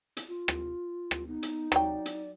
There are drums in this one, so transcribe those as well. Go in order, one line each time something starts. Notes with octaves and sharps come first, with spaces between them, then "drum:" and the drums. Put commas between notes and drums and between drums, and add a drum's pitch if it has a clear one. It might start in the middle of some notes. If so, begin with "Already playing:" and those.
drum: hi-hat
F4
drum: rim click
drum: rim click
B3 D#4
drum: hi-hat
F#3 D5 G5, drum: rim click
drum: hi-hat